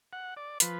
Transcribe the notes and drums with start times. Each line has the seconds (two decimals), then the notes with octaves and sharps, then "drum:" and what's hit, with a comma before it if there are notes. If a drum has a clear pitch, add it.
0.13 F#5
0.37 D5
0.60 F3 B4, drum: hi-hat